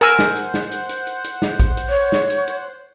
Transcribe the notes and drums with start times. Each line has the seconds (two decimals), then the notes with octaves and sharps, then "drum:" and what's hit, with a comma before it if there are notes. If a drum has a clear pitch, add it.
0.01 A#4 C5 F#5 G#5 E6, drum: hi-hat
0.19 drum: snare
0.36 drum: hi-hat
0.54 drum: snare
0.72 drum: hi-hat
0.89 drum: hi-hat
1.07 drum: hi-hat
1.24 drum: hi-hat
1.42 drum: snare
1.60 drum: kick A#1, hi-hat
1.77 drum: hi-hat
1.89 C#5
2.12 drum: snare
2.30 drum: hi-hat
2.47 drum: hi-hat